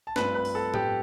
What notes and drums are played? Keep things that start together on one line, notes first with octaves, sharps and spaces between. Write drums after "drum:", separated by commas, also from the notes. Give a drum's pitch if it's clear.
A5
G2 F3 A3 C4 B4 B5, drum: snare
B4 B5
drum: open hi-hat
A4 A5
G4 G5, drum: tom A2